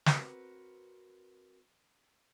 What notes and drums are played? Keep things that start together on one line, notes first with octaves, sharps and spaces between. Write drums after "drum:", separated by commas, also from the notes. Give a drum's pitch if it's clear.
C4 F#4 A#4 B4, drum: snare